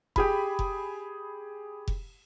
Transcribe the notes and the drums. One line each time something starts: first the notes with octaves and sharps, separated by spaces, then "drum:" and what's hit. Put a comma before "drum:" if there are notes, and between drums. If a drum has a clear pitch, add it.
G4 G#4 B5, drum: kick F1
drum: kick F1
drum: kick F1